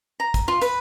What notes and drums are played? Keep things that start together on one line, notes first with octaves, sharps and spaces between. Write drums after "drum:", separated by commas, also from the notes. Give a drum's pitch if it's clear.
A#5
drum: kick, hi-hat
F4
B4, drum: hi-hat